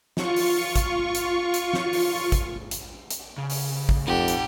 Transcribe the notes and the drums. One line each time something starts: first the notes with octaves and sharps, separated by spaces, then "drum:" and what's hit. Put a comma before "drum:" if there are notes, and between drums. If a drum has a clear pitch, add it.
F4 C#6, drum: snare
drum: open hi-hat
drum: kick, hi-hat
drum: hi-hat
drum: hi-hat
drum: snare
drum: open hi-hat
drum: kick, hi-hat
drum: hi-hat
drum: hi-hat
C#3
drum: open hi-hat
drum: kick
F2 D#4 G4 F#5
drum: hi-hat